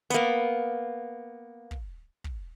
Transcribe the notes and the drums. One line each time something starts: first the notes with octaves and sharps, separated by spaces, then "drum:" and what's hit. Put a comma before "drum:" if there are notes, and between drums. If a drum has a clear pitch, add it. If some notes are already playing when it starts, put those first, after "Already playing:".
A#3 B3, drum: hi-hat
drum: kick
drum: kick